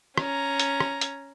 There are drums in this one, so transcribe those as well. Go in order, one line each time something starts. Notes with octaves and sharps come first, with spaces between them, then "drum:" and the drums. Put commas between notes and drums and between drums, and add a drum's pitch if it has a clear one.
C#4 A#5, drum: rim click
drum: hi-hat
drum: rim click
drum: hi-hat